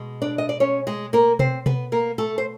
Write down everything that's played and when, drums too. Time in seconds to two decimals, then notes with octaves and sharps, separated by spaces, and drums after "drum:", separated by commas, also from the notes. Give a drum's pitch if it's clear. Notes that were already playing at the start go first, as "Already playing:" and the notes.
Already playing: B2 G#3
0.22 D4 D5
0.38 D#5
0.49 D5
0.60 C#4 C#5
0.87 G#3 G#4
1.13 A#3 A#4
1.39 C4 C5, drum: tom B2
1.66 B3 B4, drum: tom B2
1.92 A#3 A#4
2.18 A3 A4
2.38 C5